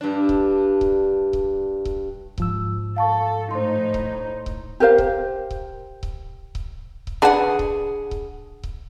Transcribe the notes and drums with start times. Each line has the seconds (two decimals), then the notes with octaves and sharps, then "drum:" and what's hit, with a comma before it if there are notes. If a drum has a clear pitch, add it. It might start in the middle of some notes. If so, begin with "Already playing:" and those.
0.01 G2 D4
0.29 drum: kick C#1
0.81 drum: kick C#1
1.33 drum: kick C#1
1.85 drum: kick C#1
2.38 G#2 F3 E6, drum: kick C#1
2.96 A4 F5 A5 C#6
3.51 A2 D#4 C5 C6
3.94 drum: kick C#1
4.46 drum: kick C#1
4.80 G4 A#4 C5 F5
4.98 drum: kick C#1
5.51 drum: kick C#1
6.03 drum: kick C#1
6.55 drum: kick C#1
7.07 drum: kick C#1
7.22 D3 G#4 B4 F#5 A5
7.59 drum: kick C#1
8.11 drum: kick C#1
8.63 drum: kick C#1